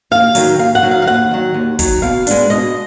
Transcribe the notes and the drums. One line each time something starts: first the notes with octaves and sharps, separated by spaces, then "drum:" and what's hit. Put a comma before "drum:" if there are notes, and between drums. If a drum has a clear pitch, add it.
D#2 F5
D#3 F#3, drum: hi-hat
D#2 F5
F#5
D#3 F#3
F5
F5
D#2 F#5
D#3 F#3
D#2
D#3 F#3, drum: kick, hi-hat
B2 F5
G#3 B3 D4, drum: hi-hat
B2 D#5